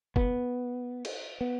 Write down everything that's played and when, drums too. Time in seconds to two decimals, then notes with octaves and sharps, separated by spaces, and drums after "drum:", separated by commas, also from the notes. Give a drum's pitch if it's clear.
0.16 B3, drum: kick
1.05 drum: cymbal
1.41 B3